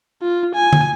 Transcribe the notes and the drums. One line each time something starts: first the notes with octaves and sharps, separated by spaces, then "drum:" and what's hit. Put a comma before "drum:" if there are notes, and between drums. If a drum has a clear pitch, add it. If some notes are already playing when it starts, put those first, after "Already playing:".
F4
G#5
drum: tom D3